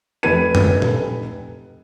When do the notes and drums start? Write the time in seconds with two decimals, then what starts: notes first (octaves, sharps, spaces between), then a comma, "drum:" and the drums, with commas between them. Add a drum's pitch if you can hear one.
0.23 F1 A4 B4 G#6 D#7
0.55 drum: tom F#2
0.82 drum: tom A#2